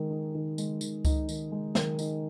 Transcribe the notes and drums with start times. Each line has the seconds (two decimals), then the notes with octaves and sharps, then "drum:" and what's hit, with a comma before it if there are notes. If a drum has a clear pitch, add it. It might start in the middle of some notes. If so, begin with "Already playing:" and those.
Already playing: D#3 G#3
0.11 D#4
0.35 D#3
0.58 G#3, drum: tambourine
0.81 D#3, drum: tambourine
1.05 D#4, drum: kick C#2, tambourine
1.29 D#3, drum: tambourine
1.52 G#3
1.75 D#3, drum: snare
1.99 D#4, drum: tambourine